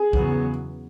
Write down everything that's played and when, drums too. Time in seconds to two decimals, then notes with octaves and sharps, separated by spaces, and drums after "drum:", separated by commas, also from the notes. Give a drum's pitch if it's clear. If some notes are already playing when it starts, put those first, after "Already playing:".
Already playing: G#4
0.13 E2 C#3 F#3 B3, drum: kick B1